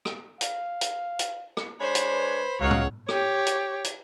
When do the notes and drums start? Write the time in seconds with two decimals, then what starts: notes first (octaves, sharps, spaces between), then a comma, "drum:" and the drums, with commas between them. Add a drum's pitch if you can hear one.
0.05 drum: rim click
0.41 F5, drum: hi-hat
0.81 drum: hi-hat
1.19 drum: hi-hat
1.57 drum: rim click
1.80 G#3 D4 C5 C#5 B5
1.95 drum: hi-hat
2.11 B4
2.60 C#2 F#3 D#4 C#5 F5 F#5
2.71 drum: tom A2
3.09 G4 C#5, drum: rim click
3.46 drum: hi-hat
3.84 drum: hi-hat